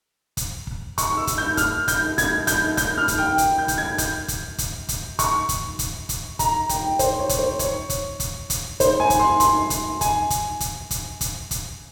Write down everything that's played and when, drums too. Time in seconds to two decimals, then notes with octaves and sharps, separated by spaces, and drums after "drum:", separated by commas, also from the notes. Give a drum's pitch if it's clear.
0.37 drum: kick, hi-hat
0.67 drum: kick
0.98 C#6, drum: kick, hi-hat
1.17 E6
1.27 drum: kick, hi-hat
1.38 G6
1.57 F6, drum: kick, hi-hat
1.88 G6, drum: kick, hi-hat
2.18 G#6, drum: kick, hi-hat
2.47 G6, drum: kick, hi-hat
2.77 G6, drum: kick, hi-hat
2.98 F6
3.08 drum: kick, hi-hat
3.18 G5
3.38 drum: kick, hi-hat
3.58 G6
3.68 drum: kick, hi-hat
3.78 G#6
3.98 G6, drum: kick, hi-hat
4.28 drum: kick, hi-hat
4.58 drum: kick, hi-hat
4.89 drum: kick, hi-hat
5.19 C#6, drum: kick, hi-hat
5.49 drum: kick, hi-hat
5.79 drum: kick, hi-hat
6.09 drum: kick, hi-hat
6.39 A#5, drum: kick, hi-hat
6.69 G5, drum: kick, hi-hat
6.99 C5, drum: kick, hi-hat
7.19 C#5
7.29 drum: kick, hi-hat
7.39 C5
7.59 C#5, drum: kick, hi-hat
7.90 drum: kick, hi-hat
8.20 drum: kick, hi-hat
8.50 drum: kick, hi-hat
8.80 C5, drum: kick, hi-hat
9.00 G#5
9.10 drum: kick, hi-hat
9.19 C6
9.40 C6, drum: kick, hi-hat
9.70 drum: kick, hi-hat
10.01 G#5, drum: kick, hi-hat
10.30 drum: kick, hi-hat
10.60 drum: kick, hi-hat
10.91 drum: kick, hi-hat
11.21 drum: kick, hi-hat
11.51 drum: kick, hi-hat